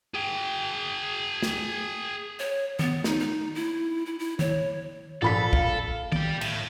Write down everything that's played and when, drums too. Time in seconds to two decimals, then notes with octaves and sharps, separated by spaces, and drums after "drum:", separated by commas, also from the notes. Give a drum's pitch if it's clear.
0.15 G#4 G5
1.43 drum: snare
2.40 C#5
2.79 B3, drum: tom D#3
3.04 D#4, drum: snare
3.20 D#4
3.55 E4
4.06 E4
4.19 E4
4.39 C#5, drum: tom D#3
5.22 A#1 A4 B5 B6
5.53 F5, drum: kick
6.12 G4 D5, drum: tom D#3
6.41 A2, drum: cymbal